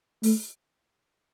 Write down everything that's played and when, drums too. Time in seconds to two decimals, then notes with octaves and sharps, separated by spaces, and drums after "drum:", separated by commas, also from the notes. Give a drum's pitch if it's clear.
0.23 A3, drum: open hi-hat